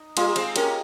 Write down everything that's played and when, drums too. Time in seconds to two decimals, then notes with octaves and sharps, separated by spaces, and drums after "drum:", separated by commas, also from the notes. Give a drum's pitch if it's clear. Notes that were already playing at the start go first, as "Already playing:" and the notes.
Already playing: D#4
0.17 G3 A#3 F4 G#4, drum: cymbal
0.36 G#3 C4, drum: cymbal
0.56 A#3 C#4 G4 A#4, drum: cymbal